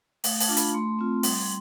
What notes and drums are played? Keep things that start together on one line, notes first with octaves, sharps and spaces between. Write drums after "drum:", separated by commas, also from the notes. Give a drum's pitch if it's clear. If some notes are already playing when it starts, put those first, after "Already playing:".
A3 F5, drum: open hi-hat
A5, drum: open hi-hat
D4 F4
B5, drum: hi-hat
A3 C6
C4 F4
G3, drum: open hi-hat